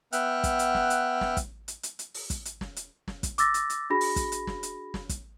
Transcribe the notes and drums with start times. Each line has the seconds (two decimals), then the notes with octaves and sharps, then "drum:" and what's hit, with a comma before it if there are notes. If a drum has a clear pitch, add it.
0.13 B3 E5 F#5 G5 F6 F#6, drum: hi-hat
0.44 drum: kick, hi-hat
0.59 drum: hi-hat
0.75 drum: snare
0.90 drum: hi-hat
1.21 drum: snare
1.37 drum: kick, hi-hat
1.68 drum: hi-hat
1.83 drum: hi-hat
1.99 drum: hi-hat
2.14 drum: open hi-hat
2.30 drum: kick, hi-hat
2.45 drum: hi-hat
2.61 drum: snare
2.76 drum: hi-hat
3.08 drum: snare
3.23 drum: kick, hi-hat
3.38 D6 E6 A6 A#6, drum: hi-hat
3.54 drum: hi-hat
3.70 drum: hi-hat
3.90 D4 F#4 G#4 B5 A#6
4.01 drum: open hi-hat
4.16 drum: kick, hi-hat
4.32 drum: hi-hat
4.47 drum: snare
4.63 drum: hi-hat
4.94 drum: snare
5.09 drum: kick, hi-hat